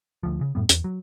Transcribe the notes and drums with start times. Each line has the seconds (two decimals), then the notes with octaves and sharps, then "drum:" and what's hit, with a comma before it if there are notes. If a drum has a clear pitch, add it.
0.23 D2 F3
0.41 C#3
0.55 F#2 A2 G3 B3
0.69 E2, drum: hi-hat
0.84 F#3